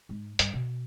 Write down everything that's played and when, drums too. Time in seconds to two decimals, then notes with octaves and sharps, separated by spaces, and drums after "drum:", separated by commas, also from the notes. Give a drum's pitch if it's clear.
0.09 G#2 G#3
0.39 G2, drum: hi-hat
0.53 B2